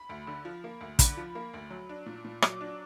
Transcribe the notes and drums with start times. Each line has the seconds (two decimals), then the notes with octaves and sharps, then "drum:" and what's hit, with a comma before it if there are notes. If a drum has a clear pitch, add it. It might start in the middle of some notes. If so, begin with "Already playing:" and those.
Already playing: B5
0.09 D2
0.27 D3
0.45 F3
0.64 A#3
0.81 D2
0.99 D3 B5, drum: kick, hi-hat
1.17 F3
1.35 A#3
1.54 D2
1.70 F#3
1.89 D4
2.06 A#2
2.24 A#2
2.42 F#3 D6, drum: rim click
2.61 D4